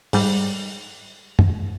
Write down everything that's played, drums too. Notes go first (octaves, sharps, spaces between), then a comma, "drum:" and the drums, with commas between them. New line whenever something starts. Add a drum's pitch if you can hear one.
G#2 G3, drum: open hi-hat
drum: tom F#2